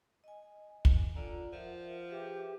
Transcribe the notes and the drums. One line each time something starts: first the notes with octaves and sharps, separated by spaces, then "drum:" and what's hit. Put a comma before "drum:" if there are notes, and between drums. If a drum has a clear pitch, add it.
D#5 G#5
drum: kick
D3 F4 D5 A#5
F3 A#4 E5 F#5
G4 G#4 B4 E5